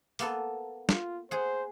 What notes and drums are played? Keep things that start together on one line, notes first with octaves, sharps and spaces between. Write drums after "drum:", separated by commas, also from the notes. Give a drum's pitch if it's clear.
A#3 B3 A4, drum: open hi-hat
F4, drum: snare
G#4 C5 F#5